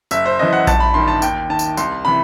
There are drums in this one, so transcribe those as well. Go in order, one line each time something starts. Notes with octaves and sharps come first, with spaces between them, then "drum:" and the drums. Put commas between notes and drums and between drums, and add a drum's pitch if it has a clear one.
F#1 E5, drum: tambourine
C5
F#2 E3 D#5
F#5
G1 A5, drum: kick A#1, tambourine
B5
G2 D#3 C6
A5
D#2 G5, drum: tambourine
D#3 A5
drum: tambourine
C2 C6, drum: tambourine
C3 E3 B5